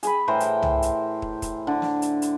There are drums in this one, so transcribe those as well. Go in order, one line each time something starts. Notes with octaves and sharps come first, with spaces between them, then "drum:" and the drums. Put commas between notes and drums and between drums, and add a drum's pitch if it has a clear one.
G#4 G#5 B5, drum: hi-hat
A2 E3 C5 A#5
G5, drum: hi-hat
drum: tom C2
drum: hi-hat
drum: kick
drum: kick, hi-hat
D3
drum: snare
drum: hi-hat
drum: hi-hat